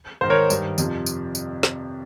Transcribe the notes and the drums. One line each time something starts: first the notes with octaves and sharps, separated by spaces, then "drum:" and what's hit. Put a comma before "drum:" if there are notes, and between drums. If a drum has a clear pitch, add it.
G#2 D#3 C5
A#4 C#5
G2 D#3, drum: tambourine
F2 C3 F3, drum: tambourine
drum: tambourine
drum: tambourine
drum: snare